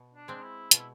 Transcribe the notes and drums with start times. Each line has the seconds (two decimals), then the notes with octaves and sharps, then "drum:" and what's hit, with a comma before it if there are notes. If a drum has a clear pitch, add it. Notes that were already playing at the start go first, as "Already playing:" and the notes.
Already playing: B2
0.14 D4
0.28 G#3 C4
0.43 E4
0.71 B2 F4, drum: hi-hat
0.79 E4